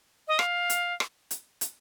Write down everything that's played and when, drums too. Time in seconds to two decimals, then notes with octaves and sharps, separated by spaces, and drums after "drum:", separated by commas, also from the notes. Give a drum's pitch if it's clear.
0.28 D#5
0.39 F5, drum: rim click
0.70 drum: hi-hat
1.00 drum: rim click
1.31 drum: hi-hat
1.61 drum: hi-hat